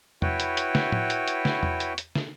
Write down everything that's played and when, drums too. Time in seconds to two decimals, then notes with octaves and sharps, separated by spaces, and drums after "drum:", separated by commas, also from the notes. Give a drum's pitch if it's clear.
0.22 E4 F#4 B4 C#5 G5, drum: tom E2
0.40 drum: hi-hat
0.57 drum: hi-hat
0.75 drum: snare
0.92 drum: tom A2
1.10 drum: hi-hat
1.28 drum: hi-hat
1.45 drum: snare
1.63 drum: tom E2
1.80 drum: hi-hat
1.98 drum: hi-hat
2.15 drum: snare